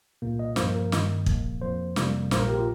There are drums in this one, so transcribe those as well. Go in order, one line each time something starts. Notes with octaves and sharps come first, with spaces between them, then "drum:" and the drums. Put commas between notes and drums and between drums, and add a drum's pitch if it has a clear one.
C2 A#2 A#3
D#5
G2 F3 A#3 C5, drum: snare
A#4
G2 D#3 G3 A#3 D#5, drum: snare
A#1 A#2 F3 A#3, drum: kick
F2 F3 A#3 C5
F2 C3 G3 A#3, drum: snare
A#1 A#2 A#3 C5, drum: snare
A#4
G4
F4